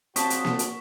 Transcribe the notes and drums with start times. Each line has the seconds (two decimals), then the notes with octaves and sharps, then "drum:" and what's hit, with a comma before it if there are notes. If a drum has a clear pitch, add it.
0.16 A#2 C#3 C4 F#4 A5 C#6 D#6 B6, drum: hi-hat
0.30 drum: hi-hat
0.45 drum: snare A#3
0.59 drum: hi-hat